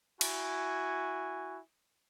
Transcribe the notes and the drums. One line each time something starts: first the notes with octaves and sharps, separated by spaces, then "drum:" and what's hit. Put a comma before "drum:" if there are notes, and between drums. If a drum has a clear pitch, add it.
E4 F#4 G#5, drum: cymbal